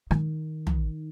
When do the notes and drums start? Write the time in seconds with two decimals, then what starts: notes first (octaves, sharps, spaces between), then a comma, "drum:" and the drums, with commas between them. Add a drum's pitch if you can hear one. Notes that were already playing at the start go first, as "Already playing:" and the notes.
0.11 D#3 D#4, drum: rim click
0.67 drum: tom